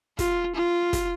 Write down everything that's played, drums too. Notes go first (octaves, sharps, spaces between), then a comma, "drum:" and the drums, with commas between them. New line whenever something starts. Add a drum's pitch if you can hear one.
F4, drum: kick, hi-hat
F4
drum: kick, hi-hat